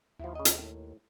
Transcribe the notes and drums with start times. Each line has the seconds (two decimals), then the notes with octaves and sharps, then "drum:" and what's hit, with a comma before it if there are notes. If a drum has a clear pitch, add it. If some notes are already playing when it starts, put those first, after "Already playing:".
0.19 D#2 F3 E4
0.35 C#3 D#5
0.45 drum: hi-hat
0.59 A2